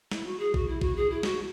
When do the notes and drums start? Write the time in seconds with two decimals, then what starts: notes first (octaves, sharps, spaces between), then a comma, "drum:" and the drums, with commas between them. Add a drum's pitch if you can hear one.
0.12 E4, drum: snare
0.26 F#4
0.39 G#4
0.54 F#4, drum: kick
0.68 E4
0.81 F#4, drum: kick
0.96 G#4
1.10 E4
1.23 F#4, drum: snare